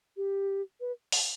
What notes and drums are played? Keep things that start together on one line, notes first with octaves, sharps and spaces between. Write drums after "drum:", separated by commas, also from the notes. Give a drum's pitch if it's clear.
G4
B4
drum: open hi-hat